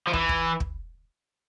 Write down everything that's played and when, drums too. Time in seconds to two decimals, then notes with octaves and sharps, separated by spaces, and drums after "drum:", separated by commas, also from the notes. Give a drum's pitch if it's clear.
0.07 F3
0.13 E3, drum: kick
0.29 drum: kick
0.60 drum: kick